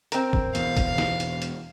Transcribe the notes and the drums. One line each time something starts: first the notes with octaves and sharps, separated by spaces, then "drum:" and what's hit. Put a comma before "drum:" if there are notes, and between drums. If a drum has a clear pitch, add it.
C4 A#4, drum: hi-hat
drum: kick
E2 B2 F5, drum: hi-hat
drum: kick, hi-hat
drum: snare
drum: hi-hat
drum: hi-hat